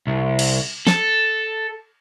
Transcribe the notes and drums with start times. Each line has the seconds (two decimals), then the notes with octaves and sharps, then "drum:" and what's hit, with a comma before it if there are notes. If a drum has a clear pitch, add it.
0.07 C2
0.39 drum: cymbal
0.87 A4, drum: snare